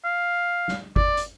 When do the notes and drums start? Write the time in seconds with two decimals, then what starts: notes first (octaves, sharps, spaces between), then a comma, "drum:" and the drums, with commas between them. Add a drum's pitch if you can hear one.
0.04 F5
0.68 drum: snare
0.96 D5, drum: kick G1
1.17 drum: hi-hat